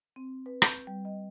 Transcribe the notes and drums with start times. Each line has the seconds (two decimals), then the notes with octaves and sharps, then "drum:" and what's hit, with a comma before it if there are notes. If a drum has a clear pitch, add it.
0.16 C4
0.46 B4
0.62 G6, drum: rim click
0.87 G3
1.05 D#5